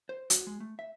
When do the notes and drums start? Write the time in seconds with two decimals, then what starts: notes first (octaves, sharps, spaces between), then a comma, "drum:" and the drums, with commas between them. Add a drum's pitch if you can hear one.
0.09 C5
0.30 F#4, drum: hi-hat
0.47 G#3
0.60 A3
0.79 E5